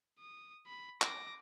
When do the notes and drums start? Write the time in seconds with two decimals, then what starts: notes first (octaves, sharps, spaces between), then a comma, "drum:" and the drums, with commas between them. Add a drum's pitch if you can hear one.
0.19 D#6
0.67 B5
1.02 D6 A#6, drum: clap